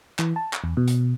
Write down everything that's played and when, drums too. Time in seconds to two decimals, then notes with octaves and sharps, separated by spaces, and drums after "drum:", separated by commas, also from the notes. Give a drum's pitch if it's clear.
0.19 E3, drum: clap
0.36 A5
0.53 drum: clap
0.64 E2
0.77 B2
0.88 drum: hi-hat